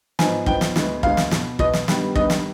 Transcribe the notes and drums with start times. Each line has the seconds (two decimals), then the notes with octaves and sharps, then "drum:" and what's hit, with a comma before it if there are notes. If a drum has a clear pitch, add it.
0.19 G#2 F3 B3 G#5, drum: snare
0.46 G#2 F3 B3 G5, drum: kick
0.61 drum: snare
0.76 D2 D3 G#3 B3, drum: snare
1.03 D2 D3 G#3 B3 F5, drum: kick
1.17 drum: snare
1.31 B2 B3, drum: snare
1.59 B2 B3 D#5, drum: kick
1.73 drum: snare
1.88 G2 D#3 G3 B3, drum: snare
2.15 G2 D#3 G3 B3 D#5, drum: kick
2.30 drum: snare